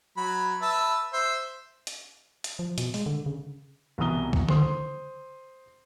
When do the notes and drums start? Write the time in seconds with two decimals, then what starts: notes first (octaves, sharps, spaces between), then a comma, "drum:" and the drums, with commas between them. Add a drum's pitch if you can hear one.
0.17 F#3 B5
0.62 B4 E5 A5
1.13 C5 E5
1.87 drum: hi-hat
2.44 drum: hi-hat
2.59 F3
2.78 B2, drum: hi-hat
2.94 G#3, drum: open hi-hat
3.06 D3
3.26 C#3
3.98 C2 B2 E3 A#5 D#6 G7
4.33 drum: kick
4.49 C5 C6 D#6, drum: tom D3